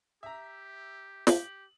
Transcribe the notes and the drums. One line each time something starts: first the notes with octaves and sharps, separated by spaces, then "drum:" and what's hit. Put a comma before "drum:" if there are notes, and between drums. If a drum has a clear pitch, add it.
G4 E5 A#5
G4 F#7, drum: snare